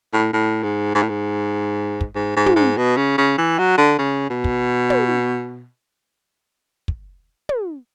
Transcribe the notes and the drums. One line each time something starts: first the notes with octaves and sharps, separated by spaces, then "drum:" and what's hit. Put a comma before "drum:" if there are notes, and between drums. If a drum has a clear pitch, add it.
A2
A2
G#2
G#2
A2
G#2
drum: kick
G#2
G#2
drum: tom
G#2
B2
C#3
C#3
E3
F#3
D3
C#3
B2
drum: kick
drum: tom
drum: kick
drum: tom